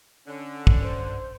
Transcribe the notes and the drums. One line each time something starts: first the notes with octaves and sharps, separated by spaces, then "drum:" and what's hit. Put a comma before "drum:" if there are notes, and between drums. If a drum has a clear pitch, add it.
D3 C#4
drum: kick
G2 C5